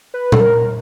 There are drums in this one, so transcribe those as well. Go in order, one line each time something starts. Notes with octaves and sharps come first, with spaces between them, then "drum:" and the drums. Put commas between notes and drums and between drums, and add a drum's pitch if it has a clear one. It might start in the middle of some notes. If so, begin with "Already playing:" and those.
B4
A4, drum: tom A#2
A#4